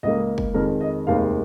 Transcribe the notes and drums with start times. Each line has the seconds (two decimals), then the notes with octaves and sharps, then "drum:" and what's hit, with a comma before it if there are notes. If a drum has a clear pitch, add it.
0.03 C#2 C#3 A#3 D#5
0.38 drum: kick
0.54 F2 D#3 G#3 A#4
0.81 D#5
1.07 F1 D#2 D#3 G#3 F5